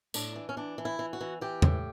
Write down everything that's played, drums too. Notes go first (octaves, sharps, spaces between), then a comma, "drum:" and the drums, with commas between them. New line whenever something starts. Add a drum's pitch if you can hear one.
A2 D4, drum: tambourine
E3
C#4
E3 D4
E3
E4
E3
F#4
E3
E3 G4
A2, drum: tom E2